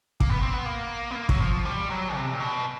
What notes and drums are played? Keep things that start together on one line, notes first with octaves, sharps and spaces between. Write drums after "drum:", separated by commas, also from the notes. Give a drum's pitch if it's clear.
A#3, drum: kick
B3
C4
B3
A#3
B3
A#3
F#3, drum: kick
F3
G3
F#3
C3
A#2
B2